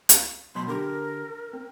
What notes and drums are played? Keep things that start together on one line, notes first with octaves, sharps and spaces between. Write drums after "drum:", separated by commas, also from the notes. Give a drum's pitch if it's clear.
drum: hi-hat
B2 F#3 B5 C6
D3 G4 A#4
C4